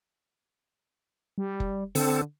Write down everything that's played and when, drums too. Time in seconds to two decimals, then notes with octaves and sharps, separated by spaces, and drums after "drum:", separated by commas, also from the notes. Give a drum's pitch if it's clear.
1.38 G3
1.60 drum: kick
1.95 D3 C4 A4, drum: open hi-hat